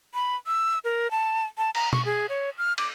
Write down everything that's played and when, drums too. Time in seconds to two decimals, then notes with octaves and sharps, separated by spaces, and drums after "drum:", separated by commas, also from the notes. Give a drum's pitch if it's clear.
0.14 B5
0.47 E6
0.84 A#4
1.11 A5
1.58 A5
1.75 A#5, drum: cymbal
1.93 C#6, drum: tom B2
2.05 G#4
2.29 C#5
2.58 F6
2.78 D6, drum: cymbal